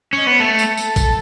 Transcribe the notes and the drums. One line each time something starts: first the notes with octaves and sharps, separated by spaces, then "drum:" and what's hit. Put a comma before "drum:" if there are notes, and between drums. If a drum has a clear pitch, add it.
C#4 D#5
B3 C#5
B4
A3 A4
drum: tambourine
drum: tambourine
drum: kick, tambourine